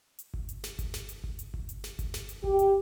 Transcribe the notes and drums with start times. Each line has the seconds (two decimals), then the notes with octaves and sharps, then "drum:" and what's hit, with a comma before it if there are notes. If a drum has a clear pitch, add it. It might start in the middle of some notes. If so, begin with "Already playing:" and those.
0.19 drum: hi-hat
0.34 drum: kick G1
0.49 drum: hi-hat
0.64 drum: snare
0.79 drum: kick G1, hi-hat
0.94 drum: snare
1.09 drum: hi-hat
1.24 drum: kick G1
1.39 drum: hi-hat
1.54 drum: kick G1
1.69 drum: hi-hat
1.84 drum: snare
1.99 drum: kick G1, hi-hat
2.14 drum: snare
2.29 drum: hi-hat
2.44 G4, drum: kick G1
2.59 drum: hi-hat